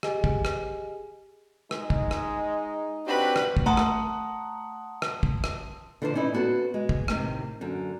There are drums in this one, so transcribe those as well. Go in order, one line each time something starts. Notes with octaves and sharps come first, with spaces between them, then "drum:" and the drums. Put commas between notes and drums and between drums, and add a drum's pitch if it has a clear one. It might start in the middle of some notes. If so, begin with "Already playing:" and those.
G4 G#4 D#5 G#5, drum: rim click
drum: kick
drum: rim click
G#3 D#4, drum: rim click
drum: kick
drum: rim click
C4 D4 F#4 G4 B4 B5
drum: rim click
drum: kick
A3 F#5 A5 A#5 C6 D#6
drum: rim click
drum: rim click
drum: kick
drum: rim click
D3 E3 F4 A4 B4 C5
C#4 D#4 E4 D5
B3 F#4 A4 C5
G#3
drum: kick
A2 C3 D#3, drum: rim click
F#2 D3